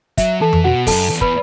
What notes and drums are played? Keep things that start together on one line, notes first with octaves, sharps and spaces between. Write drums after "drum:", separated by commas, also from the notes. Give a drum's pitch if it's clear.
F#3 E5, drum: kick, hi-hat
E3 A4 A5
drum: tom F2
B2 F#4 F#5
F#2 A4 A5, drum: kick, open hi-hat
E2
B4 B5, drum: kick